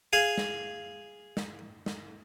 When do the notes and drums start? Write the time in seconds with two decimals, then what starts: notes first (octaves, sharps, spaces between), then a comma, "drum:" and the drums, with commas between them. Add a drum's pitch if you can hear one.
0.13 G#4 F5 G#5
0.38 drum: snare
1.37 drum: snare
1.86 drum: snare